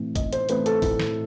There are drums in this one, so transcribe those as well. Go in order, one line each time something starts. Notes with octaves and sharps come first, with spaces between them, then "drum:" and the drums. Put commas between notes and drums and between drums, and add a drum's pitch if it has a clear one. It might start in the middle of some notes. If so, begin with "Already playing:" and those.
Already playing: A2 E3 A3 C4
A2 D#5, drum: kick G#1, hi-hat
C5, drum: hi-hat
E3 A3 C4 B4, drum: hi-hat
A4, drum: hi-hat
A2, drum: kick G#1, open hi-hat
drum: snare